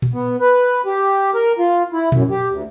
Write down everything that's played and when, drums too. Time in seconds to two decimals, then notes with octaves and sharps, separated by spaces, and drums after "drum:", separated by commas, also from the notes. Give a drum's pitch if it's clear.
0.02 drum: tom A#2
0.13 B3
0.40 B4
0.86 G4
1.34 A#4
1.59 F4
1.93 E4
2.12 F#2, drum: tom A#2
2.31 G4
2.50 D2